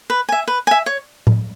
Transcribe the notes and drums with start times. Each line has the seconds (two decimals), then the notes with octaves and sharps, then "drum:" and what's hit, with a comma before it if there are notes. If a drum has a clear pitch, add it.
0.10 B4
0.29 E5 G#5
0.48 B4
0.67 E5 G#5
0.86 C#5
1.27 drum: tom A2